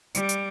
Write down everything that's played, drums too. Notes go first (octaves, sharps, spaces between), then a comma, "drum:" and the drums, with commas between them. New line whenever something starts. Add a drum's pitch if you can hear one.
G3, drum: hi-hat
drum: hi-hat